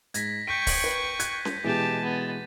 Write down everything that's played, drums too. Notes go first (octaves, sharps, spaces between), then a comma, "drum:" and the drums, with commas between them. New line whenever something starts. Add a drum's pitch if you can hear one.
G#2 G#6 A#6 B6, drum: hi-hat
G5 C#6 G6 B6 D7 D#7
drum: kick C#1, open hi-hat
B4
F#6 G#6, drum: hi-hat
drum: snare C#4
B2 E3 G#3 G4 A5
B3 A6